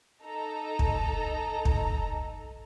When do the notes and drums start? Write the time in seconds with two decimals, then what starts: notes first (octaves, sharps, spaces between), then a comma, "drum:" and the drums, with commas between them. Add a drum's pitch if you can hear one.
0.22 D#4 A4 A#5
0.79 drum: kick
1.65 drum: kick